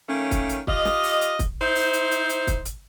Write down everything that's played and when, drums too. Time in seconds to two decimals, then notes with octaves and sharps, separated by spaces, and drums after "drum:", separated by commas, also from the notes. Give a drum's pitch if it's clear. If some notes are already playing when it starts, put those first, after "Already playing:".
0.09 D#3 A3 A#3 C#4
0.31 drum: kick, hi-hat
0.49 drum: hi-hat
0.67 F4 G4 D#5, drum: kick
0.85 drum: snare
1.03 drum: open hi-hat
1.21 drum: hi-hat
1.39 drum: kick, hi-hat
1.61 D#4 E4 C5
1.75 drum: open hi-hat
1.93 drum: hi-hat
2.11 drum: hi-hat
2.29 drum: hi-hat
2.47 drum: kick, hi-hat
2.65 drum: hi-hat